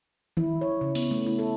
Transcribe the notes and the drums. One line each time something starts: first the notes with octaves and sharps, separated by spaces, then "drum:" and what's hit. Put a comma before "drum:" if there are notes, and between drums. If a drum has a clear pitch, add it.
E4, drum: tom D#3
C#5
C#3
B3, drum: open hi-hat
A3
E4
A4